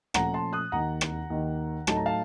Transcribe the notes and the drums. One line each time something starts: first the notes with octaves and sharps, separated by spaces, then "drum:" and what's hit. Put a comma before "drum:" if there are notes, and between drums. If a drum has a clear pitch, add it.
A#2 F3 A3 C#4 F#5 A#5, drum: rim click
A5 C6
D#6 F#6
D#2 D#3 A#3 D#4 F#5 A#5
drum: rim click
D#2 D#3 A#3 D#4
A2 F#3 A3 D#4 A5, drum: rim click
A#5
F5 A5